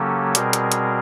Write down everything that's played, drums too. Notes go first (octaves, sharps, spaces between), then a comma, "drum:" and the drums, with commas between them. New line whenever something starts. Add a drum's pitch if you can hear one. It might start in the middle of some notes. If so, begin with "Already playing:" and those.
Already playing: C#3 F#3 A#3 C#4 G4 A4
B2 G3 C4 G#4 A#4, drum: hi-hat
drum: hi-hat
drum: hi-hat